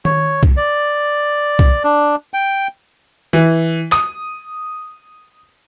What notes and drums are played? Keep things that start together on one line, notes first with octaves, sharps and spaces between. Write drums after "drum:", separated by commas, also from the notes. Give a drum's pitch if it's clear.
C#5, drum: tom D#3
drum: kick
D5
drum: kick
D4
G5
E3
D#6, drum: clap